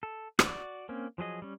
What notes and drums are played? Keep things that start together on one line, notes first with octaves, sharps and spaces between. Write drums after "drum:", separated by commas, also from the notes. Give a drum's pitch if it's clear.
A4
F#4 D5, drum: rim click
A#3 C4 C#4
F3 F#3 G#4 D#5
G3 C#4